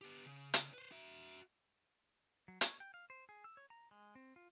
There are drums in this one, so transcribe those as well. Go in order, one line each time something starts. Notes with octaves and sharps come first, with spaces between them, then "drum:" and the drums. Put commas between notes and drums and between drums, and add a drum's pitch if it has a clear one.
B3 G4
C#3
drum: hi-hat
B4 C5
F#4 E5
F#3
C#5, drum: hi-hat
G5
F5
C5
G#4
E6
C#5
A#5
G#3
C4
F4